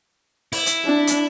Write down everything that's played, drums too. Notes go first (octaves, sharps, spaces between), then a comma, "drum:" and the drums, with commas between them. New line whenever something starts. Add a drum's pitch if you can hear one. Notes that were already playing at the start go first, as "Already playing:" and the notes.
E4, drum: open hi-hat
drum: hi-hat
D4
drum: hi-hat